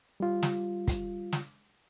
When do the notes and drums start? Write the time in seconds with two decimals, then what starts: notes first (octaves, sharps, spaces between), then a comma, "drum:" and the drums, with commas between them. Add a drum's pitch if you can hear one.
0.20 G3 F4
0.43 drum: snare
0.88 drum: kick, hi-hat
1.32 drum: snare